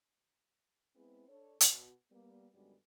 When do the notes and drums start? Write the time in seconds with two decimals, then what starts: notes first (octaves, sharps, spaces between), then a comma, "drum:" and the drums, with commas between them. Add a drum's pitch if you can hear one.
0.96 G#3 B3 C4 E4 G#4 B4
1.28 D4 A4 C#5
1.60 B2, drum: hi-hat
2.12 G3 A#3 B3
2.54 F#2 D3 G3 G#3 B3 F#4